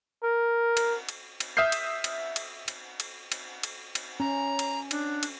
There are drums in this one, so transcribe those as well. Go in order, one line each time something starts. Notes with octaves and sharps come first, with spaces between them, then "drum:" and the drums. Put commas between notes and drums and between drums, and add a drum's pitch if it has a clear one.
A#4
drum: cymbal
drum: cymbal
drum: cymbal
E5 D#6 F6 G6 C7
drum: cymbal
drum: cymbal
drum: cymbal
drum: cymbal
drum: cymbal
drum: cymbal
drum: cymbal
drum: cymbal
C#4 A#5
drum: cymbal
D4, drum: cymbal
drum: cymbal